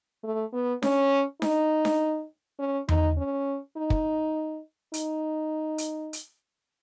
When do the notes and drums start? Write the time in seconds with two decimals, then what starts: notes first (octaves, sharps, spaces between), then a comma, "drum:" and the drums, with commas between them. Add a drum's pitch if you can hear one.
0.23 A3
0.53 B3
0.82 C#4, drum: snare D4
1.42 D#4, drum: snare D4
1.85 drum: snare D4
2.59 C#4
2.89 D#4, drum: tom E2
3.17 C#4
3.77 D#4
3.90 drum: kick
4.94 D#4, drum: hi-hat
5.78 drum: hi-hat
6.13 drum: hi-hat